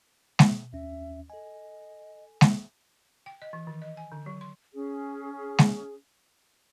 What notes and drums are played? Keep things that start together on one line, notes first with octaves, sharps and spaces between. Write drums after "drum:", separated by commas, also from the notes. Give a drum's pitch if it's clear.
B2, drum: snare G#3
D#2 C#4 E5
A4 D#5 G#5
drum: snare G#3
G5
D#5
E3
D#3
D#5
G#5
D3
F#3
C6
C#4 G#4
drum: snare G#3